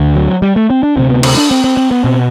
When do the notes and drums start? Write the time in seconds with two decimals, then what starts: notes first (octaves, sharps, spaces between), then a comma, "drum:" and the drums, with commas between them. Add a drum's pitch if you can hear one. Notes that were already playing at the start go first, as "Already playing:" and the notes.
Already playing: D2 D3
0.16 F#3
0.42 G3
0.56 A3
0.70 C4
0.83 D4
0.96 D2 C3 C4
1.10 B3
1.23 C4, drum: cymbal
1.37 D4
1.51 C4
1.64 C4
1.77 C4
1.91 B3
2.04 B2 C4